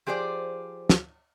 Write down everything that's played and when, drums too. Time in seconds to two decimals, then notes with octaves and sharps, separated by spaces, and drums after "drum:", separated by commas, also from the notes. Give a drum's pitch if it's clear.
0.07 F3 G4 G#4 C5 D5
0.89 drum: snare